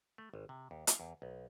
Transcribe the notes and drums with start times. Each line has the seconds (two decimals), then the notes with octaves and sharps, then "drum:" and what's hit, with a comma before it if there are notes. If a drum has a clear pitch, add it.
0.18 A3
0.34 G#1
0.49 C3
0.71 D#2
0.87 F5, drum: hi-hat
1.00 E2
1.22 B1